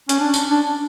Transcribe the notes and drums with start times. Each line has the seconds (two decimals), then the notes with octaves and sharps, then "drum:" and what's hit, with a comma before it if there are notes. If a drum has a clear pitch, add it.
0.09 C#4, drum: hi-hat
0.20 D4
0.34 drum: tambourine
0.50 D4